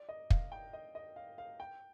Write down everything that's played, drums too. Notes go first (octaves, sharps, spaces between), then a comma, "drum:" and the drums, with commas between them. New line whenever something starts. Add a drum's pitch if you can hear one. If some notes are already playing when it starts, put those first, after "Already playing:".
Already playing: D5
D#5
F5, drum: kick
G5
D#5
D#5
F5
F5
G5